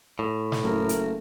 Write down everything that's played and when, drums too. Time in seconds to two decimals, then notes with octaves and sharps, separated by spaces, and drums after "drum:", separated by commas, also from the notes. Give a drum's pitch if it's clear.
0.19 A2
0.52 drum: snare
0.63 F#1 A3 A#4
0.89 drum: hi-hat